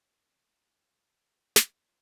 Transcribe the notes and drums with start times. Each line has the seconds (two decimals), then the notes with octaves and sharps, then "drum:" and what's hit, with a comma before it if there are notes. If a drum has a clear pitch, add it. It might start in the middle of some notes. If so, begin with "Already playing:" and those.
Already playing: D#3 A#3 C#4 G#4 C#5
0.43 G#3 C#4 F4
1.05 A#3 F4 G#4 C#5
1.56 drum: snare
1.66 F3 A#3 F4 C#5